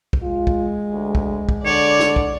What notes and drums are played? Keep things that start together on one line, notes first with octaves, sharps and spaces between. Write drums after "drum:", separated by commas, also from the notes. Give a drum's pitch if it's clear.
drum: kick
G#3 F4
drum: kick
D2
drum: kick
drum: kick
D3 C#5 D5
drum: snare
drum: kick